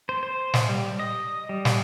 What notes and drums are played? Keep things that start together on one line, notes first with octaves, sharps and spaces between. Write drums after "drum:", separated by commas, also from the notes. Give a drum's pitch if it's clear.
C5
C5
drum: snare
G3
D#5
G3
drum: snare